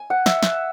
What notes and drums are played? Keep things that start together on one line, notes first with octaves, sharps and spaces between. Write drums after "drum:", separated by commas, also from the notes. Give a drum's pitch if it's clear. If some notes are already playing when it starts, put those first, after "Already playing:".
Already playing: G#5
F#5
E5, drum: snare
drum: snare